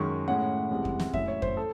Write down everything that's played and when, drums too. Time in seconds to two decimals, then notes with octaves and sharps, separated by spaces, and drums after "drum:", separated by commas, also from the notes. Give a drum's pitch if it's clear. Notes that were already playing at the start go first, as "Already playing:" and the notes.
Already playing: F#2 D#3 G#3 C#6
0.27 A2 G#3 C#4 E4 F#5
0.71 C2 C3 E3 G#3
0.85 drum: kick F2
1.00 drum: snare
1.14 A2 F#3 C#4 E4 E5, drum: kick F2
1.28 C#5
1.42 C5, drum: kick F2
1.57 A4